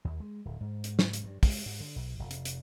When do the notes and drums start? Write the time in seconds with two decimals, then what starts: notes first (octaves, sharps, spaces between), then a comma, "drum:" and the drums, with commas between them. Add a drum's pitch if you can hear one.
0.05 D#2
0.20 G#3
0.45 D1
0.61 G#2
0.84 drum: hi-hat
0.99 drum: snare
1.13 drum: hi-hat
1.24 G2
1.43 G#3, drum: kick, open hi-hat
1.66 G#2
1.80 D3
1.96 B1
2.19 F1
2.31 drum: hi-hat
2.45 drum: hi-hat